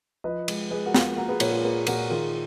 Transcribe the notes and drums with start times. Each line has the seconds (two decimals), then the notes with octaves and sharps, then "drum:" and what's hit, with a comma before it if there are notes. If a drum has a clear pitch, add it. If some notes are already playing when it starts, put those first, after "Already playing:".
0.24 F3 B4 D#5
0.48 G#3, drum: cymbal
0.70 G#3 G#4 B4
0.86 F#4 A#4
0.94 F3, drum: snare
1.17 A#3 F#4 A#4
1.28 G#4 B4
1.40 A#2 A#4 C#5, drum: cymbal
1.52 F4 G#4
1.64 A#3 G#4 B4
1.87 A#2 F#4 A#4, drum: cymbal
2.10 D#3 F4 G#4